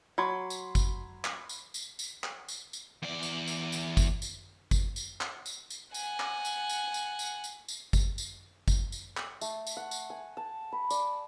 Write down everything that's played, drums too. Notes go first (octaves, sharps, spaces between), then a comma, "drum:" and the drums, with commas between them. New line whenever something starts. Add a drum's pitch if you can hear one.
F#3 B5 C6 G#6
drum: tambourine
drum: kick G1, tambourine
drum: clap
drum: tambourine
drum: tambourine
drum: tambourine
drum: clap
drum: tambourine
drum: tambourine
E2 D5
drum: tambourine
drum: tambourine
drum: tambourine
drum: kick G1, tambourine
drum: tambourine
drum: kick G1, tambourine
drum: tambourine
drum: clap
drum: tambourine
drum: tambourine
F#5 G#5, drum: tambourine
drum: clap
drum: tambourine
drum: tambourine
drum: tambourine
drum: tambourine
drum: tambourine
drum: tambourine
drum: kick G1, tambourine
drum: tambourine
drum: kick G1, tambourine
drum: tambourine
drum: clap
A3, drum: tambourine
drum: tambourine
F#5
drum: tambourine
G#5
A5
B5
D5, drum: tambourine